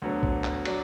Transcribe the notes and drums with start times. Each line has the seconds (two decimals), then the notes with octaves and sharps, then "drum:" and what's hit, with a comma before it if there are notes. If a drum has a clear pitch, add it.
0.02 D2 D3 F#3 B3
0.23 drum: kick A#1
0.44 drum: clap
0.65 F#3 D4 F#4, drum: cymbal